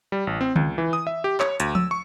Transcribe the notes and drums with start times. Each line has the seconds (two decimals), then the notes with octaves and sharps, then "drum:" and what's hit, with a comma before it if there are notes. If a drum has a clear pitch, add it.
0.12 G3
0.27 A1
0.41 C4
0.56 C#2, drum: tom D3
0.78 E3
0.93 D#6
1.07 E5
1.24 G4
1.40 C#5, drum: clap
1.60 D2, drum: hi-hat
1.75 E6, drum: tom
1.91 C#6